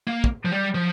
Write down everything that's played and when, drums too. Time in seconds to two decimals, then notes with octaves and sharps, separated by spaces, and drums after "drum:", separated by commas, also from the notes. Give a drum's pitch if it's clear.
0.07 A#3
0.24 drum: kick
0.45 F3
0.52 G3
0.74 F3